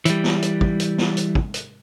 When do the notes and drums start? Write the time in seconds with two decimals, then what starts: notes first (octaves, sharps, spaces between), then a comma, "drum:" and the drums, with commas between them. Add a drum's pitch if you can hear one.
0.05 E3 G3, drum: hi-hat
0.24 drum: snare
0.42 drum: hi-hat
0.61 drum: kick
0.80 drum: hi-hat
0.98 drum: snare
1.17 drum: hi-hat
1.35 drum: kick
1.54 drum: hi-hat